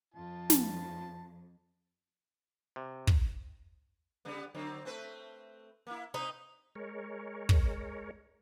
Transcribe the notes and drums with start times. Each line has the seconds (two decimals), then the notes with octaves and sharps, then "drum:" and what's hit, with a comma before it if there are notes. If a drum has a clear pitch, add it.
0.14 F2 F4 A5
0.50 drum: snare
2.76 C3
3.07 drum: kick
4.25 C#3 G3 B3
4.55 D3 F#3 C4
4.85 A3 C4 B4
5.87 A#3 E4
6.14 C4 D#4 B4
6.75 G#3 A#4 C#5
7.49 drum: kick